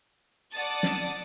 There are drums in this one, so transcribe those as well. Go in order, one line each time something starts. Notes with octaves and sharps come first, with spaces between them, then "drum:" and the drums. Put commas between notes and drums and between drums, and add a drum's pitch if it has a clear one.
D5 F#5 A5 D#6 A6
drum: snare